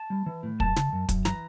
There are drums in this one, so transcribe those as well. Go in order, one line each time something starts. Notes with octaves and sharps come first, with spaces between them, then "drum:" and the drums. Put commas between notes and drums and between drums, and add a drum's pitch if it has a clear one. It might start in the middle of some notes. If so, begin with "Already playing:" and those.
Already playing: A5
G3
E3
A2
F#2 A5, drum: kick
C#3, drum: snare
F#2
F#2, drum: kick, hi-hat
E3 A#5, drum: snare